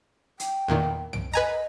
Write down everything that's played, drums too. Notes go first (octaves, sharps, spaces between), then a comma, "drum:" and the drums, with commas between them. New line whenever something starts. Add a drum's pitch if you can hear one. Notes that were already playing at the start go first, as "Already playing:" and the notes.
G5, drum: hi-hat
E2 A#2 D#3
D7, drum: tom
B4 D#5 G#5 A#5